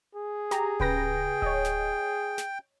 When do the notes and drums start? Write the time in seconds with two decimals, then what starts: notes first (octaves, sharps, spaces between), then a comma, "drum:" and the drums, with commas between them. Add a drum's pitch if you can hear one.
0.15 G#4
0.51 G4 A#5, drum: snare
0.80 C#3 B4 G5 A#6, drum: kick D1
1.42 C#5 D#5, drum: kick D1
1.65 drum: snare
2.38 drum: snare